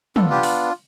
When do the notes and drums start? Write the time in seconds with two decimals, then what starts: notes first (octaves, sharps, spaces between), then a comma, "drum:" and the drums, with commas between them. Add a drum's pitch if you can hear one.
0.16 B3 D4 F4 A4, drum: tom
0.31 G4
0.43 drum: open hi-hat